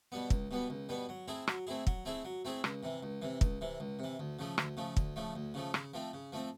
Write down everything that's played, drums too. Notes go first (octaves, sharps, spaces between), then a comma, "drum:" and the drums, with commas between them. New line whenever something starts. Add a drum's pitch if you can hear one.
B2 G3 B3
C#2, drum: kick
B2 G3 B3
C#2
B2 G3 B3
F#3
A3 C4 E4 G#4
F#3, drum: rim click
A3 C4 E4 G#4
F#3, drum: kick
A3 C4 E4 G#4
F#3
A3 C4 E4 G#4
C#2, drum: rim click
C3 E3
C#2
C3 E3
C#2, drum: kick
C3 E3
C#2
C3 E3
D2
C#3 F3 A3
D2, drum: rim click
C#3 F3 A3
D2, drum: kick
C#3 F3 A3
D2
C#3 F3 A3
C#3, drum: rim click
F3 A3 C4
C#3
F3 A3 C4